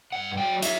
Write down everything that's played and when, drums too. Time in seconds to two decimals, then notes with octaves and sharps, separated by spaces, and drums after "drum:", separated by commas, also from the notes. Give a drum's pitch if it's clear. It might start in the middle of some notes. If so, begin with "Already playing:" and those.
0.12 G2 F#5
0.37 F#3 G5
0.63 F#3 E5, drum: hi-hat